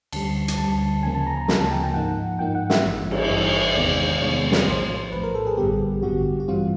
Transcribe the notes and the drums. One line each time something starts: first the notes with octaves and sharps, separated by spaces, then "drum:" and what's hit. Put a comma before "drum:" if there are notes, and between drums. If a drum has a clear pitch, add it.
D2 D3 G3 A5, drum: cymbal
drum: hi-hat
D2 D3 G3 A5
D2 C#3 F3 A#3 G#5
A5
A#5
A#5
D2 C#3 F3 A#3 A#5, drum: snare
A5
G5
G5
G#2 F3 A#3 D#4 F#5
G#2 F3 A#3 D#4 G5
F#5
E5, drum: snare
G#1 G2 E3
drum: cymbal
G#1 G2 E3 D#5
E2 C3 D#3 G#3 B3 D5
E2 C3 D#3 G#3 B3 C#5
drum: snare
A#1 A2 F3 C5
A#1 A2 F3 B4
A#4
A4
G#4
A1 G2 D3 G3 B3 G4
A1 G2 D3 G3 B3 F#4
F#4
G2 E3 G3 C4 F4